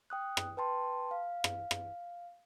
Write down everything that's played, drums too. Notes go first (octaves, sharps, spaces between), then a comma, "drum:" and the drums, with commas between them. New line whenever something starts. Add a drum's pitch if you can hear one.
G5 D#6 F#6
drum: rim click
B4 G5 A5 C6
F5
drum: rim click
drum: rim click